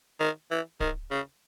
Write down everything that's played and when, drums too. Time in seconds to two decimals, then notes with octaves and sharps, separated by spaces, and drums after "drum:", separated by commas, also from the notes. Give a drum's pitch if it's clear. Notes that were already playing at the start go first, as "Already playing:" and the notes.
0.20 D#3
0.51 E3
0.80 D#3, drum: kick D1
1.11 C#3